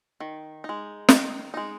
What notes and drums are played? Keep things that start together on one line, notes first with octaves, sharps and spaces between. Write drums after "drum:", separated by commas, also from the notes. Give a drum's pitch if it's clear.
D#3
G#3 D#4
D#3, drum: snare
G#3 D#4